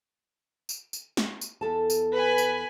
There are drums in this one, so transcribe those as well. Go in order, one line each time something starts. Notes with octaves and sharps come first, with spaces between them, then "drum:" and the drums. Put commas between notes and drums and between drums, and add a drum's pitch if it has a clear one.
drum: tambourine
drum: tambourine
drum: snare
drum: tambourine
E2 A4 A5
drum: tambourine
B4 G#5
drum: tambourine